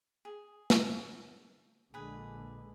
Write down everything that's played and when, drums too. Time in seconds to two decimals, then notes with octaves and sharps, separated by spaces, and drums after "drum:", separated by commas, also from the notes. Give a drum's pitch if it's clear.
0.25 G#4
0.70 drum: snare
1.94 A#1 D3 G#3 G#4 B4